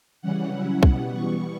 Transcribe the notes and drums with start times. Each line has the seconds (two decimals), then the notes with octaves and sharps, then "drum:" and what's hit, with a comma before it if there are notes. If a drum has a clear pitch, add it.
0.22 C#3 E3 G3 C#4 F#5
0.52 F#3 C#4 E4
0.83 B2 G3 B3, drum: kick
1.13 E3 G3 B3 C#6